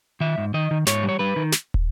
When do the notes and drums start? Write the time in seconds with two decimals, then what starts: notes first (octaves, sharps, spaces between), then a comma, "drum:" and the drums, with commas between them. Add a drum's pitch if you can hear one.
0.20 D#3 E5
0.38 G#2
0.54 D#3 D#5
0.71 D#3
0.87 G#2 C#5, drum: snare
1.03 G3
1.09 C#5
1.19 G3 B4
1.36 D#3
1.52 drum: snare
1.74 drum: kick